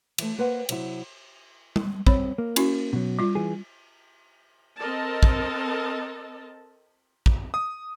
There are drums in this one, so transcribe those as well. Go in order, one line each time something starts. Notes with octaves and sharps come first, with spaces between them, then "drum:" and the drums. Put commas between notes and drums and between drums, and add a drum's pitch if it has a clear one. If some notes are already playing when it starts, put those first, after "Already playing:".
E3 A3, drum: cymbal
A#3 B4 C5 F#5
C3 F#3 E4, drum: cymbal
drum: tom G3
C4 C#5 B5, drum: kick
A#3
C#4 E4 F#4, drum: cymbal
B2 F#3
G3 F4
E3 G#4
C4 A4 A#4 D#5 A5
drum: kick
drum: kick
D#6